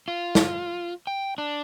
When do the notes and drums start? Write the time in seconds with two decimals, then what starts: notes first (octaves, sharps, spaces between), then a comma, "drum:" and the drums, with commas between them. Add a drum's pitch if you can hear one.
0.08 F4
0.35 drum: snare
1.07 G5
1.38 D4